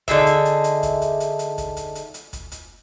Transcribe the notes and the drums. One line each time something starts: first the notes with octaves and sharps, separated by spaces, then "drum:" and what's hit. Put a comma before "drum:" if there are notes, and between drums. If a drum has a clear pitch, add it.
D3 D#4 G#4 E5, drum: kick, hi-hat
drum: hi-hat
drum: hi-hat
drum: hi-hat
drum: kick, hi-hat
drum: hi-hat
drum: hi-hat
drum: hi-hat
drum: kick, hi-hat
drum: hi-hat
drum: hi-hat
drum: hi-hat
drum: kick, hi-hat
drum: hi-hat